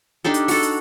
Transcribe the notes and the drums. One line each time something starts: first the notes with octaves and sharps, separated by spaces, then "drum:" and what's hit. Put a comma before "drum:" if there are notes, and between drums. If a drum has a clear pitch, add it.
D4 D#4 G4 A4
drum: hi-hat
F#4 A4, drum: open hi-hat
drum: hi-hat